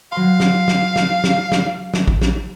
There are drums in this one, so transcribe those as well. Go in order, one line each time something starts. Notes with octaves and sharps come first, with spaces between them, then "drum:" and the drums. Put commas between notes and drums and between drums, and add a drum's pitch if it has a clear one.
F#3 F5 C6
drum: snare
drum: snare
drum: snare
drum: snare
drum: snare
drum: snare
drum: kick
drum: snare